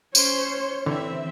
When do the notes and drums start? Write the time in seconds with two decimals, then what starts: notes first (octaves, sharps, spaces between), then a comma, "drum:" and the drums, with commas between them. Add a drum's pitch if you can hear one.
0.15 C#4 C5 C#5 C6, drum: tambourine
0.86 D3 E3 C4 E5